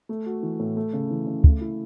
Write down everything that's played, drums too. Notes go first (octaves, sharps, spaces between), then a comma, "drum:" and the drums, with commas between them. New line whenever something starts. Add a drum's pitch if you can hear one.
A3
F#4
E3
A2
A3
C#3
E3
C#3
A3, drum: kick
E4